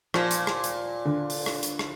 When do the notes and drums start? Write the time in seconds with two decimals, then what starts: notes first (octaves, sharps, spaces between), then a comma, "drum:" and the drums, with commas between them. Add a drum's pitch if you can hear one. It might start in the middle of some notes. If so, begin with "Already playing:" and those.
0.14 A#2 F3, drum: rim click
0.31 drum: hi-hat
0.47 drum: rim click
0.64 drum: hi-hat
1.05 D3
1.30 drum: open hi-hat
1.46 drum: rim click
1.63 drum: hi-hat
1.79 drum: rim click